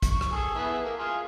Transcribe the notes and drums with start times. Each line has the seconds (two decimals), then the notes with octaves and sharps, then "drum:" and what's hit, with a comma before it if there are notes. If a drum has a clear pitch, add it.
0.02 C#6, drum: kick, hi-hat
0.21 drum: rim click
0.32 G#4 A4
0.55 B3 E4 G#4
0.85 A#3
0.99 F4 G#4